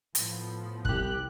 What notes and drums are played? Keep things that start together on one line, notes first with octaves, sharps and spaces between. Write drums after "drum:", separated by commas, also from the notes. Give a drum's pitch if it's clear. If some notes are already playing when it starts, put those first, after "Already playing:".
A2 F3 B3, drum: hi-hat
C2 G4 F#6, drum: kick